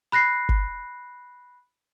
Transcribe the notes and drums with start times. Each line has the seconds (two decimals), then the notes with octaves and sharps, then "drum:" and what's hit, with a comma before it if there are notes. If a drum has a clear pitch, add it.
0.12 B5 F#6 A#6 C7
0.49 drum: kick G1